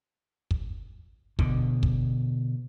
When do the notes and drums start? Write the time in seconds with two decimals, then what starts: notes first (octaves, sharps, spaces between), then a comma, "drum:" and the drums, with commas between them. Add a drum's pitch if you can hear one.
0.51 drum: kick
1.39 B2 D3, drum: kick
1.83 drum: kick